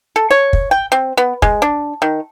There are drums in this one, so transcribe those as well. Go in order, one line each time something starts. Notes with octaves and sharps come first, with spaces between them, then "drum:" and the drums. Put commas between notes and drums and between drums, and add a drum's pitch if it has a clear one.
A4
C#5
drum: kick
G5
C4
B3
G#3, drum: kick
D4
D#3